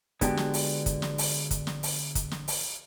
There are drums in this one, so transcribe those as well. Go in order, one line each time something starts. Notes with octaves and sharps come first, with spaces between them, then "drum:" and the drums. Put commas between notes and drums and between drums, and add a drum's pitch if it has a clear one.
D3 G#3 B3 D4 F#4 G4, drum: kick, hi-hat
drum: snare
drum: open hi-hat
drum: kick, hi-hat
drum: snare
drum: open hi-hat
drum: kick, hi-hat
drum: snare
drum: open hi-hat
drum: kick, hi-hat
drum: snare
drum: open hi-hat